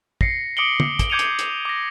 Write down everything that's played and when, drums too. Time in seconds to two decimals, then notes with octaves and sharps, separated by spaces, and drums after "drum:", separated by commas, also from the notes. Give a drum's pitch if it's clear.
0.21 A#6 C7 C#7, drum: kick
0.57 D6 D#6 C#7 D7 F#7 G7
0.80 drum: tom
0.99 drum: kick, hi-hat
1.10 D6 G6 G#6 C#7 D#7 F7
1.19 drum: hi-hat
1.39 drum: hi-hat
1.65 D6 A#6